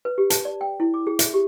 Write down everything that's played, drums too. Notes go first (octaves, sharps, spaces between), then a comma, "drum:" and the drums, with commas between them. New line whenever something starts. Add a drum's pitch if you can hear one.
B4
G4
A5, drum: hi-hat
D5
G5
E4
D6
G#4
E5, drum: hi-hat
G4